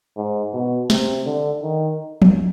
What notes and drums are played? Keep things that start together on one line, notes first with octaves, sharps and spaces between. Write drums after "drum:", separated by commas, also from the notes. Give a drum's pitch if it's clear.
G#2
B2
C3, drum: snare
D3
D#3
drum: tom